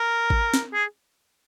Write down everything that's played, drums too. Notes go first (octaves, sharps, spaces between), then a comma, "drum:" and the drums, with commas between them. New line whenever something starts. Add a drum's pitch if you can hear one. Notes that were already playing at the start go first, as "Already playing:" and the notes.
Already playing: A#4
drum: kick G#1
drum: snare
G#4